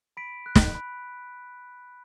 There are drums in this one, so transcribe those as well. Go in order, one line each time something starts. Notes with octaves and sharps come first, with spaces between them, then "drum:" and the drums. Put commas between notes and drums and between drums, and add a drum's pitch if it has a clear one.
B5 B6 D7
F#6
drum: snare
B5